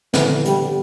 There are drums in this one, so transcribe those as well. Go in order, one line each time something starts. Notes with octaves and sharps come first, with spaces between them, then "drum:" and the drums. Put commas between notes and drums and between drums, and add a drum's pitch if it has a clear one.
D3 E3, drum: snare
B3
D3 G3, drum: hi-hat
G3